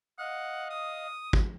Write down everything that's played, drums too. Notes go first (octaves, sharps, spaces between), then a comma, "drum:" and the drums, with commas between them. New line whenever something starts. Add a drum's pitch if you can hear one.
D#5 F5 F#5
D#6
drum: kick